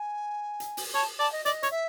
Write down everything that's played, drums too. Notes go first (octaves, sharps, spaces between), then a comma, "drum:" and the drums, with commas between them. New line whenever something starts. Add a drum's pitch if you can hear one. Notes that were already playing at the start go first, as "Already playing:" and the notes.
Already playing: G#5
drum: hi-hat
drum: open hi-hat
C#5 A5
D5 A5
D#5
D5 D#5, drum: hi-hat
C#5, drum: hi-hat
E5